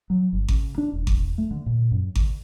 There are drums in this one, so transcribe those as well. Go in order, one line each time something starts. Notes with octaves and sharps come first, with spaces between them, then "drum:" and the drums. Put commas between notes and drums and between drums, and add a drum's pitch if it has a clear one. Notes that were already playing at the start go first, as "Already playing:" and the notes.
F#3
G1
C#3, drum: kick G#1
D4
E1
drum: kick G#1
A3
D3
A#2
F#2
D3, drum: kick G#1